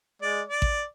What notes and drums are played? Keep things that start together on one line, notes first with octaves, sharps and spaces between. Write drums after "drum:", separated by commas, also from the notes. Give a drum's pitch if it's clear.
G#3 D5
D5
drum: kick A1